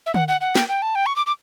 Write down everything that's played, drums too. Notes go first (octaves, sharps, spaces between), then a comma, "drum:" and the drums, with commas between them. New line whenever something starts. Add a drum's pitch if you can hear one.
E5
F#5, drum: tom
F#5
F#5
G5, drum: snare
G5
A5
G5
C#6
D6
D6